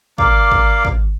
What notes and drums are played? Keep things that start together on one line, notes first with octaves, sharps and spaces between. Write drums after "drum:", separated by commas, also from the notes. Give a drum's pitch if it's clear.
A#3 D5 F5 D6, drum: kick
drum: kick
drum: kick